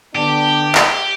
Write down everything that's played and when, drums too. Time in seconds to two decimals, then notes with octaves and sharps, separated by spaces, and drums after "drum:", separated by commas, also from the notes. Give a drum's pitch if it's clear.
0.15 D3 B3 D4 G4
0.75 drum: clap